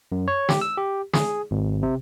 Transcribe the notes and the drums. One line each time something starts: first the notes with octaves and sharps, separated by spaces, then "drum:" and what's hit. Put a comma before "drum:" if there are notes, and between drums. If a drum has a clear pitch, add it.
F#2
C#5
G4, drum: snare
E6
G4
G#4, drum: snare
G#1
C3